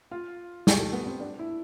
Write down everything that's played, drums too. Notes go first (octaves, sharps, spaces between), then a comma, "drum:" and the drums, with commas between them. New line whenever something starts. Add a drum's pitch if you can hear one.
F4
G3, drum: snare
A3
B3
C4
D4
E4